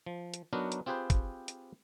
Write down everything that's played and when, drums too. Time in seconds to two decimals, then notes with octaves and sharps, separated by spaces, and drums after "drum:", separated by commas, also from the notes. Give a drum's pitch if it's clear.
0.06 F3
0.34 drum: hi-hat
0.53 F#3 B3 D4 D#4 F#4 A#4
0.72 drum: hi-hat
0.86 C4 F4 G4 G#4 B4 C5
1.10 drum: kick, hi-hat
1.48 drum: hi-hat